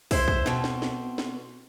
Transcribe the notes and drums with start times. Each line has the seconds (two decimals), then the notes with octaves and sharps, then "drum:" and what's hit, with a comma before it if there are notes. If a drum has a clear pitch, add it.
0.11 E4 C5, drum: kick, open hi-hat
0.28 drum: kick
0.46 B2 C4, drum: snare
0.64 drum: snare
0.82 drum: snare
1.18 drum: snare